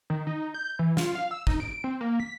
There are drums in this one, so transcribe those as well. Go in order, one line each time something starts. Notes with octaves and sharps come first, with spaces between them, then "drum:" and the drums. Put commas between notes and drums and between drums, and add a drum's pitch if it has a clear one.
D#3
D#4
G6
E3
F4, drum: snare
F5
E6
D#4, drum: kick
D7
C4
A#3
B6